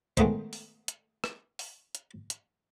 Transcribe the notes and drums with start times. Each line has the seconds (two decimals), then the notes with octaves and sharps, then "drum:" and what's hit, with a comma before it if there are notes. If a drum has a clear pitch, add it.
0.17 D#3 G#3 A3 B3 D#4 C5, drum: kick, hi-hat
0.53 drum: open hi-hat
0.88 drum: hi-hat
1.24 drum: rim click
1.59 drum: open hi-hat
1.95 drum: hi-hat
2.30 drum: hi-hat